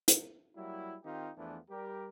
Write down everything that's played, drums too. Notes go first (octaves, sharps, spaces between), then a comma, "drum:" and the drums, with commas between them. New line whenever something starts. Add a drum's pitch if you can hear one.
drum: hi-hat
F#3 G3 A#3 E4
D#3 C4 D#4 F4 G4
E2 E3 F3 A3 B3 D4
G3 G4 A#4